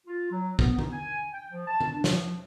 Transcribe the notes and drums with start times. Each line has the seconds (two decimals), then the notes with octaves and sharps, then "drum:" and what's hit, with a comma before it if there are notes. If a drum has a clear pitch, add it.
0.06 F4
0.32 F#3
0.59 B3, drum: kick A#1
0.79 D#4, drum: tom D#3
0.92 G#5
1.33 G5
1.50 F3
1.67 A5
1.81 drum: tom D#3
1.93 D4
2.04 F3, drum: snare